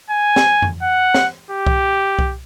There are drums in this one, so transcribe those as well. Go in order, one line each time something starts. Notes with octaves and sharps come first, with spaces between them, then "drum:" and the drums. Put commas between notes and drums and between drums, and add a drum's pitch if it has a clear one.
G#5
drum: snare
drum: tom F2
F#5
drum: snare
G4
drum: kick C2
drum: kick C2